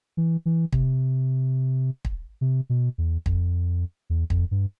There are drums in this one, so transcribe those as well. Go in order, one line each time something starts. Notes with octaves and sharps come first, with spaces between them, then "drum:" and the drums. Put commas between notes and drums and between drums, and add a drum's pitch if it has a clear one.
E3
E3
C3, drum: kick
drum: kick
C3
B2
E2
F2, drum: kick
E2
F2, drum: kick
G2